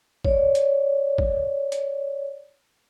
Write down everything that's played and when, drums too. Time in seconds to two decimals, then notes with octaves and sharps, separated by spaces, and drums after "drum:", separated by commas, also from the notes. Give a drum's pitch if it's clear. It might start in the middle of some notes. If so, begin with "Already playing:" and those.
0.25 C#5 D5, drum: kick
0.55 drum: hi-hat
1.18 drum: kick
1.72 drum: hi-hat